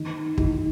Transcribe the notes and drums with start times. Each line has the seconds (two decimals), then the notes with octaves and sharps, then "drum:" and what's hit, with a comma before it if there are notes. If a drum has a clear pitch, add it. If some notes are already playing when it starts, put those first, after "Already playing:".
Already playing: D#3
0.38 D#3, drum: kick